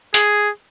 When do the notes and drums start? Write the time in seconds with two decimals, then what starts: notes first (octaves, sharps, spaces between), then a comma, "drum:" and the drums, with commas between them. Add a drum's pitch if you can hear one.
0.14 G#4, drum: hi-hat